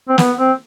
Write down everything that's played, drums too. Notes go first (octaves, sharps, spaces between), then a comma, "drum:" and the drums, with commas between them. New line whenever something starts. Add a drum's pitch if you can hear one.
C4
B3, drum: snare
C4